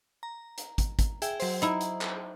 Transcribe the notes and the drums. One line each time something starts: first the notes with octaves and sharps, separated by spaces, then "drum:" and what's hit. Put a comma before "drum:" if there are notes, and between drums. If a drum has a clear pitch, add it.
A#5
drum: hi-hat
drum: kick, hi-hat
drum: kick, hi-hat
G#4 E5 G5, drum: hi-hat
F#3 C5, drum: open hi-hat
D#4 E4, drum: hi-hat
drum: hi-hat
drum: clap